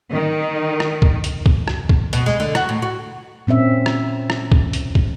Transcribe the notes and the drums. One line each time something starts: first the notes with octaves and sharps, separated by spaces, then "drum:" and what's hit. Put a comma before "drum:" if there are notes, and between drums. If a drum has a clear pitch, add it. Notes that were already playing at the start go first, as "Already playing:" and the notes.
D#3
drum: rim click
drum: kick
drum: hi-hat
drum: kick
drum: rim click
drum: kick
B2, drum: hi-hat
G#3
D3
F#4, drum: rim click
A2
F#4
A#2 C4 C#4 E5
drum: rim click
drum: rim click
drum: kick
drum: hi-hat
drum: kick